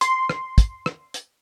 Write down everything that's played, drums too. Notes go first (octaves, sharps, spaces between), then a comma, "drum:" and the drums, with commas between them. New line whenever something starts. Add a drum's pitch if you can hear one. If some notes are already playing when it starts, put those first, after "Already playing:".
C6, drum: hi-hat
drum: rim click
drum: kick, hi-hat
drum: rim click
drum: hi-hat